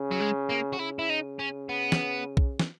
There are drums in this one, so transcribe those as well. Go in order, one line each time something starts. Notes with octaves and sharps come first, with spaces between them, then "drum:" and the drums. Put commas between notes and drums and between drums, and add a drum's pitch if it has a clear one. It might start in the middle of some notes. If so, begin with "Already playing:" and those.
Already playing: C#3
F#3
G#3
A#3
F#4
C#3 E4
E4
D#4
C#4
B3
drum: snare
drum: kick B1
drum: snare